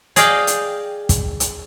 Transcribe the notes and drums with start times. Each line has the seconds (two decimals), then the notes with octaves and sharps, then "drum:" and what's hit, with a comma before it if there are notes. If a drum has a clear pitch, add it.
0.16 G#4 D5 D#5 F5 G5, drum: hi-hat
0.47 drum: hi-hat
1.09 drum: kick, hi-hat
1.40 drum: hi-hat